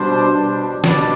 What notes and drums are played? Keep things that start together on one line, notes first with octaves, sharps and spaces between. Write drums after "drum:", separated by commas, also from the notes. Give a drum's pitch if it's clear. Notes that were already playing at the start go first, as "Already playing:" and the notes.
Already playing: B2 G3 D4 C5
B2 G3 D4
B2 G3 D4 D5, drum: snare